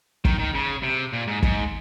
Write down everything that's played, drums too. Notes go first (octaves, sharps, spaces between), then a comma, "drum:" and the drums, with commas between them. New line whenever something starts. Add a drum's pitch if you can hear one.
D#3, drum: kick
D#3
C#3
C3
A#2
G#2
G#2, drum: kick